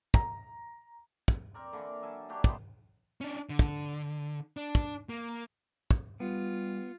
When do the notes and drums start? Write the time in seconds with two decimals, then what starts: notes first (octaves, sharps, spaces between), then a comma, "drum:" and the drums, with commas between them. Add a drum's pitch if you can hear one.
0.14 A#5, drum: kick
1.28 drum: kick
1.54 C4 A#4 D5
1.73 D3 E3 A#3
2.02 F#3 E5 G#5 A5
2.29 A#3 D4 G4 C#5
2.44 D#3 B3 C5, drum: kick
3.21 C#4 D4
3.50 D3
3.59 drum: kick
4.57 D4
4.75 drum: kick
5.09 A#3
5.91 drum: kick
6.20 G3 B3 F4